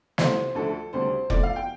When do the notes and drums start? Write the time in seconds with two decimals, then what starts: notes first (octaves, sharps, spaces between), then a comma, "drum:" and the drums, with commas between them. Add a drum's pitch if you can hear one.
0.18 C2 C3 F3 A3 C5, drum: snare
0.55 D2 D3 F3 A3 A4
0.93 D2 C3 G3 C5
1.30 F2 F3 A3 D5, drum: kick F1
1.43 F5
1.56 G5